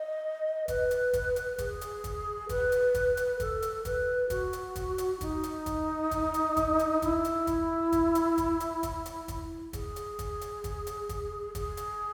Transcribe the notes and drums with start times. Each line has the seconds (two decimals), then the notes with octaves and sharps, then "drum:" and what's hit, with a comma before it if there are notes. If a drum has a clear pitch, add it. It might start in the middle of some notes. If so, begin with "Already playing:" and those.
Already playing: D#5
0.68 B4, drum: kick, hi-hat
0.91 drum: hi-hat
1.13 drum: kick, hi-hat
1.36 drum: hi-hat
1.58 G#4, drum: kick, hi-hat
1.81 drum: hi-hat
2.04 drum: kick, hi-hat
2.49 B4, drum: kick, hi-hat
2.72 drum: hi-hat
2.94 drum: kick, hi-hat
3.17 drum: hi-hat
3.40 A4, drum: kick, hi-hat
3.62 drum: hi-hat
3.85 B4, drum: kick, hi-hat
4.30 F#4, drum: kick, hi-hat
4.53 drum: hi-hat
4.76 drum: kick, hi-hat
4.98 drum: hi-hat
5.21 D#4, drum: kick, hi-hat
5.43 drum: hi-hat
5.66 drum: kick, hi-hat
6.11 drum: kick, hi-hat
6.34 drum: hi-hat
6.57 drum: kick, hi-hat
6.79 drum: hi-hat
7.02 E4, drum: kick, hi-hat
7.25 drum: hi-hat
7.47 drum: kick, hi-hat
7.92 drum: kick, hi-hat
8.15 drum: hi-hat
8.38 drum: kick, hi-hat
8.60 drum: hi-hat
8.83 drum: kick, hi-hat
9.06 drum: hi-hat
9.28 drum: kick, hi-hat
9.73 G#4, drum: kick, hi-hat
9.96 drum: hi-hat
10.19 drum: kick, hi-hat
10.41 drum: hi-hat
10.64 drum: kick, hi-hat
10.87 drum: hi-hat
11.09 drum: kick, hi-hat
11.55 G#4, drum: kick, hi-hat
11.77 drum: hi-hat